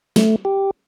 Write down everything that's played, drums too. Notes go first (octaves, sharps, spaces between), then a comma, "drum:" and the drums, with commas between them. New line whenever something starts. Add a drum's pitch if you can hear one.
A3, drum: snare
G4